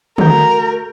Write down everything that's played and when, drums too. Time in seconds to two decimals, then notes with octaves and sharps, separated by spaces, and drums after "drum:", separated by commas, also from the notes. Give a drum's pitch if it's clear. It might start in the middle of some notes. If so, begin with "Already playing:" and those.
0.18 A3 F#4 A#4 G6, drum: tom D3